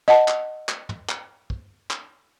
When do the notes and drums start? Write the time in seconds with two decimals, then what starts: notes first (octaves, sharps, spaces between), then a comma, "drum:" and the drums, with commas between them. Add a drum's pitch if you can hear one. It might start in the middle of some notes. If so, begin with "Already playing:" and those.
0.08 D#5 F#5 A5
0.28 drum: clap
0.69 drum: clap
0.89 drum: tom
1.09 drum: clap
1.50 drum: kick
1.91 drum: clap